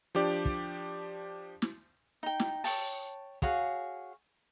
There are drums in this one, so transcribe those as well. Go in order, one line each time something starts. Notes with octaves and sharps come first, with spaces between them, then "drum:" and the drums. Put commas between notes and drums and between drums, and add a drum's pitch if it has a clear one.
F3 D4 G4 D5
drum: kick
drum: snare
D#4 G5
drum: snare
C#5 G5 A5, drum: open hi-hat
F#4 G#4 C#5 F5, drum: kick